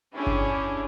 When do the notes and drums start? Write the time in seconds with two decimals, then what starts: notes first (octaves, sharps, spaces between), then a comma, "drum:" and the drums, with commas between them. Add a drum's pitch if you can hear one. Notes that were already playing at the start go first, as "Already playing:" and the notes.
0.14 C#4 D4 E4 G4 G#4
0.27 drum: kick G1